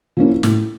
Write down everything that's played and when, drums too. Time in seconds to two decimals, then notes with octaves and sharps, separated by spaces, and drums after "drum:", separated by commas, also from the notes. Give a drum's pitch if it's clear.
0.17 F3 A#3 C#4 E4
0.43 A2, drum: snare